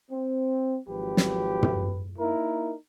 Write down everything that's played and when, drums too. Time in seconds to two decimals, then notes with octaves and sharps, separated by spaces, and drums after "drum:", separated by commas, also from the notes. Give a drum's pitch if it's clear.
0.11 C4
0.88 G#1 F3 F#3 G4 B4
1.17 drum: snare
1.63 drum: tom
2.19 A#3 D#4 E4 A#4